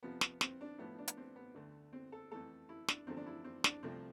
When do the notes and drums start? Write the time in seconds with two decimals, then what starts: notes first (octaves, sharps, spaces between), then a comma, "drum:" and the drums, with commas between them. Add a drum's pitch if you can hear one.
0.03 F2 C3 F3 B3
0.21 drum: snare
0.41 C4, drum: snare
0.61 D4
0.79 A2 F3 A3 B3
0.98 D4
1.08 drum: hi-hat
1.17 C4
1.36 B3
1.55 D2 D3 A3
1.93 C4
2.12 A4
2.31 F2 E3 A3 A4
2.69 E4
2.88 D4, drum: snare
3.07 E2 D3 F3 A3 C4
3.17 D4
3.26 E4
3.44 C4
3.64 D4, drum: snare
3.83 C2 C3 F3 A3 C4